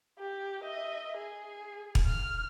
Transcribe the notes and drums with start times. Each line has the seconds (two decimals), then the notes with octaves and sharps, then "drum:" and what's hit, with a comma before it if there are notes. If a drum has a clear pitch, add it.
0.19 G4
0.64 D#5 E5
1.17 G#4
1.95 drum: kick
2.06 F6